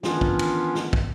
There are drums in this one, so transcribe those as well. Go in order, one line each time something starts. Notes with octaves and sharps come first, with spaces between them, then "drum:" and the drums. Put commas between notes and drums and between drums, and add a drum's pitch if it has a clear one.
D#3 E3 B3 C#4 D4 F4, drum: snare
drum: kick
drum: cymbal
drum: snare
drum: kick